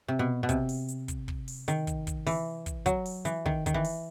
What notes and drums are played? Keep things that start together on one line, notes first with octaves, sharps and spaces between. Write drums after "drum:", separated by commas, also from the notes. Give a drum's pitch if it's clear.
C3
B2
B2
C3, drum: kick, hi-hat
drum: open hi-hat
drum: hi-hat
drum: kick, hi-hat
drum: kick
drum: open hi-hat
D#3, drum: hi-hat
drum: kick, hi-hat
drum: kick, hi-hat
E3, drum: open hi-hat
drum: kick, hi-hat
F#3, drum: kick, hi-hat
drum: open hi-hat
E3, drum: hi-hat
D#3, drum: kick
D#3, drum: kick, hi-hat
E3
drum: open hi-hat